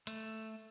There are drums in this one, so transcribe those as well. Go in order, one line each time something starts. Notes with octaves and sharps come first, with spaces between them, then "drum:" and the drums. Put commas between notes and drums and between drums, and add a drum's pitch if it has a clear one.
A3, drum: hi-hat